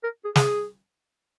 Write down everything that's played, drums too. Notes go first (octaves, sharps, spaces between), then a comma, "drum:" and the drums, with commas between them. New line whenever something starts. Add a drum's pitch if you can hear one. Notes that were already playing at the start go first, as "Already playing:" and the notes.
A#4
G#4
G#4, drum: snare